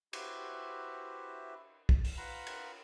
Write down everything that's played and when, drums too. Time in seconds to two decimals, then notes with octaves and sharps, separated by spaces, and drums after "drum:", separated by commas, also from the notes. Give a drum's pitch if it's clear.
0.13 E4 F#4 G4 B4 C5 E5, drum: cymbal
1.89 drum: kick
2.05 drum: open hi-hat
2.17 F4 B4 F#5 A#5 B5
2.47 drum: cymbal